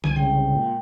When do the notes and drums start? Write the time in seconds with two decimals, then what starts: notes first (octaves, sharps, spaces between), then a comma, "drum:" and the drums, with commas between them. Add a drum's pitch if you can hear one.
0.04 C2 G#5, drum: tom D3
0.16 C#3 G#3 G5
0.54 A#2